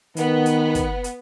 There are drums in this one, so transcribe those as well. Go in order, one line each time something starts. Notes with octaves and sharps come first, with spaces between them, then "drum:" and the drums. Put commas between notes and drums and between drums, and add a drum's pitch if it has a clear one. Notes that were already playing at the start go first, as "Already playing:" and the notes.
D#3 B3, drum: hi-hat
drum: hi-hat
drum: kick, hi-hat
drum: hi-hat